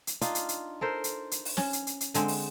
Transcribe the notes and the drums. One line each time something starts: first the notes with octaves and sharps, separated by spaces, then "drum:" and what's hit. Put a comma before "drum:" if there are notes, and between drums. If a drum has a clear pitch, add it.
drum: hi-hat
D4 D#4 F4, drum: hi-hat
drum: hi-hat
drum: hi-hat
A4 A#4 C5
drum: hi-hat
drum: hi-hat
drum: open hi-hat
C#4, drum: snare
drum: hi-hat
drum: hi-hat
drum: hi-hat
D3 G#3 C4, drum: hi-hat
drum: open hi-hat